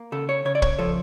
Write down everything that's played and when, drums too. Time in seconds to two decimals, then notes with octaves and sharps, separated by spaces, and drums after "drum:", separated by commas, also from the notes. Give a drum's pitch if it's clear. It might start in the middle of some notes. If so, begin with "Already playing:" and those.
Already playing: A#3
0.12 C#3 A4
0.29 C#5
0.45 C#3 C#5
0.55 D5
0.62 C#5, drum: kick
0.79 F3 A4